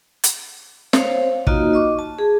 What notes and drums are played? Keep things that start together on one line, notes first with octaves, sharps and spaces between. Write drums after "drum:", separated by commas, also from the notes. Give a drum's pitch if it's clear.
drum: hi-hat
C5 C#5 F5, drum: snare
A#3 D#4 F4 F#4 D#5, drum: kick
D#5 C#6 D6
A5
G#4